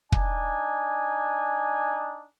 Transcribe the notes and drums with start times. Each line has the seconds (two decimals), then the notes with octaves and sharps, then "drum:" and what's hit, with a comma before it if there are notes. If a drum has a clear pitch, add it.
0.12 D4 D#4 G#5, drum: kick